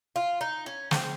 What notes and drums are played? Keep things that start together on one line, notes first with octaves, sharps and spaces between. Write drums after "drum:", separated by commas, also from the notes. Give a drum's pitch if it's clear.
F4
D#4
C#4
C4, drum: snare